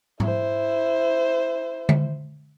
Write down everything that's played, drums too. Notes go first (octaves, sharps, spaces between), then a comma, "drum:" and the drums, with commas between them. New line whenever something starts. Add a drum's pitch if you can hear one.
E4 C5, drum: tom G#2
drum: tom D3